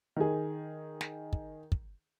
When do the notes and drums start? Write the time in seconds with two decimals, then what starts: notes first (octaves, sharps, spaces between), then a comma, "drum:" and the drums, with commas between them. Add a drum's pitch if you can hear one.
0.16 D#3 G#4
1.01 drum: snare
1.33 drum: kick
1.72 drum: kick